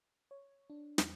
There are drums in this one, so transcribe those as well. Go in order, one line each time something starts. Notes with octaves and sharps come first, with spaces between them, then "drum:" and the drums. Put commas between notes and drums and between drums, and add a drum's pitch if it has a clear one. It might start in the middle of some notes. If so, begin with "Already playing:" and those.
C#5
D4
E2, drum: snare